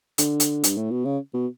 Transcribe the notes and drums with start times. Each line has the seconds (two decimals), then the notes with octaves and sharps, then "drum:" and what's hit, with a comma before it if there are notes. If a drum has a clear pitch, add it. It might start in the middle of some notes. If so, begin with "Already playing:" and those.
0.18 D3, drum: hi-hat
0.40 drum: hi-hat
0.64 G2, drum: hi-hat
0.77 A2
0.91 B2
1.05 C#3
1.34 B2